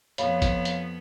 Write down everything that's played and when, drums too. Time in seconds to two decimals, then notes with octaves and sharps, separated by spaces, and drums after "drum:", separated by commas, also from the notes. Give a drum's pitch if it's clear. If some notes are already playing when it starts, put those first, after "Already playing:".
0.18 F2 B3 C#5 F5 B5, drum: hi-hat
0.42 drum: kick F#1, hi-hat
0.65 drum: hi-hat